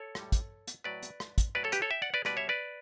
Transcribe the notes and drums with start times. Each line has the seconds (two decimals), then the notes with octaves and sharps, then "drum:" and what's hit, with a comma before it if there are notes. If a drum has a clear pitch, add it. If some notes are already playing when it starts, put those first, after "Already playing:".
Already playing: A4 C#5
0.15 A2 G3, drum: rim click
0.32 drum: kick, hi-hat
0.67 drum: hi-hat
0.84 A2 F#3 B4 D5
1.03 drum: hi-hat
1.20 drum: rim click
1.38 drum: kick, hi-hat
1.55 A2 F#3 B4 D5
1.64 A4 C#5
1.72 G4 B4, drum: hi-hat
1.82 A4 C#5
1.91 E5 G5
2.02 D5 F#5
2.14 B4 D5
2.25 B2 G3 B4 D5, drum: rim click
2.37 C#5 E5
2.49 B4 D5